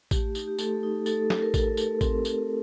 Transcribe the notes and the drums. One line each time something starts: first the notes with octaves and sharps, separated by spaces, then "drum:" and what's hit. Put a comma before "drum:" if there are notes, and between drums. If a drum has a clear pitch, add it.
A3 G4, drum: kick A1, tambourine
D#4, drum: tambourine
G4
A3 A4, drum: tambourine
D#4
A3 A4, drum: tambourine
A3, drum: snare
A#4
D#4 A4, drum: kick A1, tambourine
A3, drum: tambourine
C4 A#4, drum: kick A1, tambourine
C4, drum: tambourine